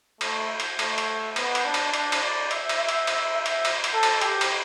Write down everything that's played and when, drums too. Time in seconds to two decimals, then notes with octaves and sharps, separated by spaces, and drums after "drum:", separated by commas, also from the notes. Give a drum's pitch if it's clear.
0.21 A3, drum: cymbal
0.60 drum: cymbal
0.79 A3, drum: cymbal
0.98 drum: cymbal
1.36 B3, drum: cymbal
1.55 drum: cymbal
1.65 D4
1.74 drum: cymbal
1.94 D4, drum: cymbal
2.12 drum: cymbal
2.22 D5
2.51 E5, drum: cymbal
2.69 drum: cymbal
2.79 E5
2.89 drum: cymbal
3.07 E5, drum: cymbal
3.36 E5
3.46 drum: cymbal
3.65 drum: cymbal
3.84 drum: cymbal
3.94 A4
4.03 drum: cymbal
4.21 G4, drum: cymbal
4.41 drum: cymbal